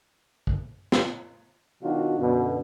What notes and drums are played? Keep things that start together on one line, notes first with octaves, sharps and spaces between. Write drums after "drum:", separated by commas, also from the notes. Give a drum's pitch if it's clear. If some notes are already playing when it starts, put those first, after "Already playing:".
drum: kick
drum: snare
B2 D#3 F#3 D4 F4 F#4
F#2 B2 D3